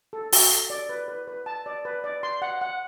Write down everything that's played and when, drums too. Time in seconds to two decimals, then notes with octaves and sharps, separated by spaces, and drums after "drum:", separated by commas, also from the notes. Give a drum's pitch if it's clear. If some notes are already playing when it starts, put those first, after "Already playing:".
0.13 A4
0.32 F#4, drum: open hi-hat
0.51 A4
0.70 D5
0.89 B4
1.08 B4
1.27 B4
1.46 A5
1.66 D5
1.85 B4
2.04 D5
2.23 C6
2.42 F#5
2.61 F#5